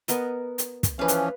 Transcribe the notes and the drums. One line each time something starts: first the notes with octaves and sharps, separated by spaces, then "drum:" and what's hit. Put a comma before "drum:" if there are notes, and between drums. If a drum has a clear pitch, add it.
B3 A#4 D#5, drum: hi-hat
drum: hi-hat
drum: kick, hi-hat
E3 F3 C#4 B4 F5
drum: hi-hat